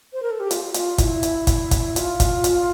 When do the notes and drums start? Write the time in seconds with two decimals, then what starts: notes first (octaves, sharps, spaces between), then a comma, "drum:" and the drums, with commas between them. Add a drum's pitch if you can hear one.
0.13 C5
0.23 A#4
0.31 A4
0.40 G4
0.51 F4, drum: hi-hat
0.74 F4, drum: hi-hat
0.98 E4, drum: kick, hi-hat
1.23 drum: hi-hat
1.47 drum: kick, hi-hat
1.71 drum: kick, hi-hat
1.96 F4, drum: hi-hat
2.20 drum: kick, hi-hat
2.44 drum: hi-hat